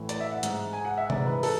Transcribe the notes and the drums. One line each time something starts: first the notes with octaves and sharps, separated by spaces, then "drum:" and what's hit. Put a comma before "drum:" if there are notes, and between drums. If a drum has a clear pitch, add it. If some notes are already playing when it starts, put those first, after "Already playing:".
Already playing: A2 E3 A3
D5, drum: hi-hat
E5
F#5
G#2 G#3, drum: hi-hat
G#5
F#5
E5
G#2 E3 G#3 D5, drum: tom C3
B4
A4, drum: open hi-hat